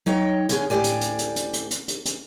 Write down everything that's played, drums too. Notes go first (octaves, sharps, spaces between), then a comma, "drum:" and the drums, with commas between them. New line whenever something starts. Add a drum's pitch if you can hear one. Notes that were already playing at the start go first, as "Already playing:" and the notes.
F#3 D#4 C#5 G5
D3 C#4 G#4, drum: hi-hat
D2 A2 C3 G4 D5 G#5
drum: hi-hat
drum: hi-hat
drum: hi-hat
drum: hi-hat
drum: hi-hat
drum: hi-hat
drum: hi-hat
drum: hi-hat